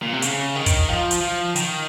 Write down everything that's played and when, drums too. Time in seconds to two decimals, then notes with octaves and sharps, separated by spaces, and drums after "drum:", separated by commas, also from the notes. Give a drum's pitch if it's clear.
0.02 A#2
0.13 C3
0.22 C#3, drum: hi-hat
0.56 D#3
0.66 drum: kick, hi-hat
0.89 F3
1.11 drum: hi-hat
1.21 F3
1.56 D#3, drum: hi-hat